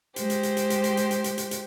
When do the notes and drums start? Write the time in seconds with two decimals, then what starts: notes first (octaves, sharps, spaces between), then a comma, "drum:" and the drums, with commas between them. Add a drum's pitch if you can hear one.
0.16 G#3 G4 C5, drum: hi-hat
0.30 drum: hi-hat
0.43 drum: hi-hat
0.57 drum: hi-hat
0.70 drum: hi-hat
0.84 drum: hi-hat
0.97 drum: hi-hat
1.11 drum: hi-hat
1.24 drum: hi-hat
1.38 drum: hi-hat
1.51 drum: hi-hat